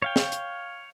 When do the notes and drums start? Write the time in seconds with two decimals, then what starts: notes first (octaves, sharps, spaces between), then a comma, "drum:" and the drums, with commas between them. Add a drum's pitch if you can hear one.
0.02 C#5 F5 G5
0.16 drum: snare
0.32 drum: hi-hat